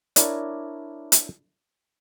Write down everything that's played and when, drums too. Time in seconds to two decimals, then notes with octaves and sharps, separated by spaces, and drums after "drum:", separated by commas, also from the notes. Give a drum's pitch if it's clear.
0.16 D4 E4 A#4 C#5 D5, drum: hi-hat
1.12 drum: hi-hat